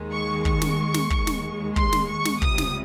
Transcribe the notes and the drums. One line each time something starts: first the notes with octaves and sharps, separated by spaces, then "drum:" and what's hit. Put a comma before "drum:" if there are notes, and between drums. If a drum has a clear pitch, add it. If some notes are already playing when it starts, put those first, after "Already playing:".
Already playing: D#2 D#3 G#3
C#6
C#6, drum: kick
drum: snare
drum: snare
D#2 D#3 G#3, drum: kick
drum: snare
C6, drum: kick
drum: snare
C#6
drum: snare
C#2 C3 G3 D#6, drum: kick
drum: snare